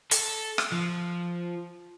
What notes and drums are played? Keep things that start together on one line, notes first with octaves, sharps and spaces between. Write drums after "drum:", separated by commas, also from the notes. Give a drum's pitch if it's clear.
A4, drum: hi-hat
drum: rim click
F3